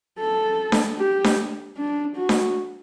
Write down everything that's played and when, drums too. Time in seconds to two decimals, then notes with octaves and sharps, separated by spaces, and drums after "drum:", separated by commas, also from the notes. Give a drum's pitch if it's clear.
0.19 A4
0.72 drum: snare D4
0.98 G4
1.24 drum: snare D4
1.77 D4
2.17 F#4
2.29 drum: snare D4